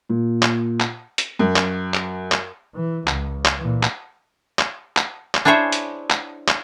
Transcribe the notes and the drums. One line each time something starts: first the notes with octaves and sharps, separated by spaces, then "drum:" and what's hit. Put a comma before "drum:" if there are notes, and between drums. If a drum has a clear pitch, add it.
A#2
drum: clap
drum: clap
drum: hi-hat
F#2
drum: clap
drum: clap
drum: clap
E3
C#2, drum: clap
drum: clap
A#2 E3
drum: clap
drum: clap
drum: clap
drum: clap
D4 E4 G#4 C5 C#5 E5
drum: hi-hat
drum: clap
drum: clap